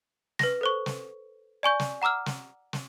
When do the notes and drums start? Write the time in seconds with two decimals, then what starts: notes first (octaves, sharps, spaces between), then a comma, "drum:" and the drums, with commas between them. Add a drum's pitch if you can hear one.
0.39 B4 A#6, drum: snare
0.61 A4 C5 C#6
0.86 drum: snare
1.63 D5 G#5 C#6 G6
1.80 drum: snare
2.02 F#5 A#5 D6 E6 F6
2.26 drum: snare
2.73 drum: snare